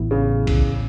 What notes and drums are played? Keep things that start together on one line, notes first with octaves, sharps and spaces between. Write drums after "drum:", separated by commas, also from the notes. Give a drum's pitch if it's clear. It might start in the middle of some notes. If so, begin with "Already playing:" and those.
Already playing: A1 A2 E3 B3 E4
C#3
drum: kick, cymbal